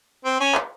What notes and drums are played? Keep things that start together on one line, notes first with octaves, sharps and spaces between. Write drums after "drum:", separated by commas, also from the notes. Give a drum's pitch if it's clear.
C4
C#4
drum: clap